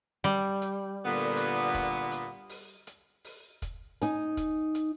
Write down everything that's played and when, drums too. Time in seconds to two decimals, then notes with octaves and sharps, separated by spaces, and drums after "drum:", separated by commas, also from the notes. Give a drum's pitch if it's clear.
0.24 G3, drum: hi-hat
0.62 drum: hi-hat
1.05 A#2 D3 B3
1.37 drum: hi-hat
1.74 drum: kick, hi-hat
2.12 drum: hi-hat
2.49 drum: open hi-hat
2.87 drum: hi-hat
3.24 drum: open hi-hat
3.62 drum: kick, hi-hat
4.02 D#4 G#5, drum: hi-hat
4.37 drum: kick, hi-hat
4.75 drum: hi-hat